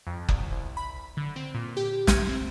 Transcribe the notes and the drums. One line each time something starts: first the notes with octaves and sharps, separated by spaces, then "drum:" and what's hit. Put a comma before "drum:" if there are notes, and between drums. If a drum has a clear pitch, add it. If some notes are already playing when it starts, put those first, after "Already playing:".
F2
C2, drum: kick F#1
C2
B5
D3
C4
A#2
G4
G#6, drum: snare
C4